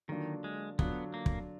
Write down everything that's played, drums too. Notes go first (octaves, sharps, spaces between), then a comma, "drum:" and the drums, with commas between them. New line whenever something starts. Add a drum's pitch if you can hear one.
D3 D#3 F#3 A#3 D4 F4
G#3
D3 F#3 B3 D4 F4, drum: kick
A#3
drum: kick